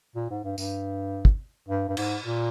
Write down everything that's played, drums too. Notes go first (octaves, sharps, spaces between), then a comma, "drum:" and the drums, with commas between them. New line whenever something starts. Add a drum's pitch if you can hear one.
A#2
G#2
G2
G2, drum: tambourine
drum: kick
G2
G2
G#2, drum: cymbal
A#2